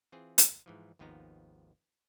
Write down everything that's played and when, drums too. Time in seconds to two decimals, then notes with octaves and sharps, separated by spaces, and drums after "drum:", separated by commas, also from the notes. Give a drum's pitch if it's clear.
0.12 E3 C4 F4 G#4
0.38 drum: hi-hat
0.66 G#2 E3 F3
0.99 G#1 D#2 F3 B3 D#4 A#5